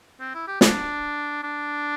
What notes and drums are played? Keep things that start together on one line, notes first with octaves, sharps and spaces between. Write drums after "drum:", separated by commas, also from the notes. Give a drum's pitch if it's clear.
C4
E4
G4
D4, drum: snare
D4